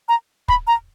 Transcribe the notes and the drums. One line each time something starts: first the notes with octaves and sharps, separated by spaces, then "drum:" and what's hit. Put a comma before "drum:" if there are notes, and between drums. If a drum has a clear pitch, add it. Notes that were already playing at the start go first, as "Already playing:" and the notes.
A#5
B5, drum: kick
A#5